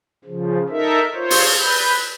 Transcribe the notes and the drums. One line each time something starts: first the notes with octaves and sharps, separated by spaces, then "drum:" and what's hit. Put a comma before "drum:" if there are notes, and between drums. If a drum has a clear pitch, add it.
C#3 F3
D#4 A4 A#4 E5
F4 C5 C#5
drum: open hi-hat
B4 G6